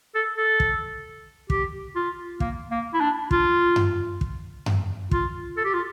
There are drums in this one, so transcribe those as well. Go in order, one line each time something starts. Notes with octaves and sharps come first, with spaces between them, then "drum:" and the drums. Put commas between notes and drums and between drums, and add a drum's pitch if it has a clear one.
A4
A4
drum: kick
G4, drum: kick
F4
A#3, drum: kick
A#3
E4
D4
F4, drum: kick
drum: tom F#2
drum: kick
drum: tom F#2
F4, drum: kick
A4
G4
F4